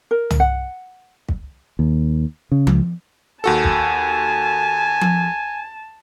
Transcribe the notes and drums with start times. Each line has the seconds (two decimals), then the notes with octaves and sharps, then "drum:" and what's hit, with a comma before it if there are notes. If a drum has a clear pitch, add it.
0.11 A#4
0.30 drum: tom
0.40 F#5
1.29 drum: kick
1.79 D#2
2.52 C#3
2.67 C#2, drum: tom F3
3.44 D#2 F#4 A4 G#5 A5
3.64 drum: kick
5.01 drum: tom F3